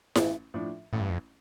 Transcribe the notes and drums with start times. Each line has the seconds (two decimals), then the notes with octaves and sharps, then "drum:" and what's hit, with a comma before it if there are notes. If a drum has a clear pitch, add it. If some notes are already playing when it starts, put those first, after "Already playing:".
0.15 A1, drum: snare E4
0.54 A2 F3 D4
0.93 A1 A2
1.01 G2
1.10 F2